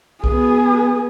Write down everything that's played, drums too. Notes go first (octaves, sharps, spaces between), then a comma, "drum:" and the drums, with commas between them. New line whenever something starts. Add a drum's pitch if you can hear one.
B3 G#4, drum: kick